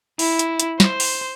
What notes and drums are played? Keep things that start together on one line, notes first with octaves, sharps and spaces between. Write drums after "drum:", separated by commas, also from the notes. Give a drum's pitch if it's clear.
E4, drum: open hi-hat
drum: hi-hat
drum: hi-hat
C5, drum: snare
drum: open hi-hat